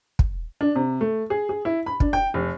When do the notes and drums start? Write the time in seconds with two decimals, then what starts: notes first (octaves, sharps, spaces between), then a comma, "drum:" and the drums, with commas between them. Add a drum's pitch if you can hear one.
0.19 drum: kick
0.61 D4
0.76 C3
1.01 A3
1.30 G#4
1.49 G#4
1.65 E4
1.86 B5
2.00 D4, drum: kick
2.13 G5
2.34 F1